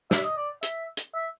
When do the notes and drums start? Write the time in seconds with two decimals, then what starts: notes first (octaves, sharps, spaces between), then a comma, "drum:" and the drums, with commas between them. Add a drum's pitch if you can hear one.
0.11 E5, drum: snare
0.24 D#5
0.37 D5
0.63 E5, drum: hi-hat
0.97 drum: hi-hat
1.15 E5